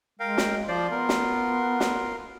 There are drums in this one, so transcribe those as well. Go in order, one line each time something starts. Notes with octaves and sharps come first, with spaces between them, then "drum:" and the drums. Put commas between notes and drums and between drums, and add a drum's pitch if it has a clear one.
G#3 A#4 F5 G5
drum: snare
F3 F4 C5 D5 C6
B3 A#4
drum: snare
drum: snare